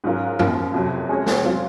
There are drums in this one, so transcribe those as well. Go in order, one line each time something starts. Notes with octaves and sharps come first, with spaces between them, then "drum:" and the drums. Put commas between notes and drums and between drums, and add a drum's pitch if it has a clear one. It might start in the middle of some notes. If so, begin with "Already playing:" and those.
G#2 F#3 C#4 F4 A#4
F#2 F3 A#3, drum: tom F#2
F2 C3 F#3
G#3 C#4 G#4 C#5
drum: snare
F#3 C4 F4